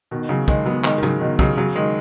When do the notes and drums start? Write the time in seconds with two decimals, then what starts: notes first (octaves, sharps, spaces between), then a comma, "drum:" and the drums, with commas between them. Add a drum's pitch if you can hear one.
0.11 B2 D#3
0.29 C#3 F#3
0.48 D#3 G#3, drum: kick
0.65 F#3 B3
0.84 D#3 G#3, drum: clap
0.98 D#3
1.02 C#3 F#3, drum: tom
1.21 B2 D#3
1.39 C#3 F#3, drum: kick
1.57 C#3 F#3
1.75 D#3 G#3